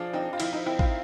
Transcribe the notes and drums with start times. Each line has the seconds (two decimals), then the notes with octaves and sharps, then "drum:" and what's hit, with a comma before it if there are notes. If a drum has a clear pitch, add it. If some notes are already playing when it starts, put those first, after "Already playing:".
Already playing: F3 D4 G#4
0.13 C4 D#4
0.33 F4
0.40 F3 E4, drum: cymbal
0.53 D#4
0.66 C4 E4
0.79 F4, drum: kick